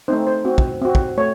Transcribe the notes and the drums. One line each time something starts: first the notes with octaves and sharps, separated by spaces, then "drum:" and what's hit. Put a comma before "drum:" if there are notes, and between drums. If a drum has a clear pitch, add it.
A3 C4 D#4 C5
C5
C4 F#4
drum: kick
C4 F#4
drum: kick
A3 C#5